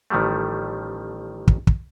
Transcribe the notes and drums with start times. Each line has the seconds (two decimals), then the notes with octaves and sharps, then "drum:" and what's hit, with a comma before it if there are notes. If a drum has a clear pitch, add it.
0.10 A1 D#3 F3 G3 A3
1.48 drum: kick
1.67 drum: kick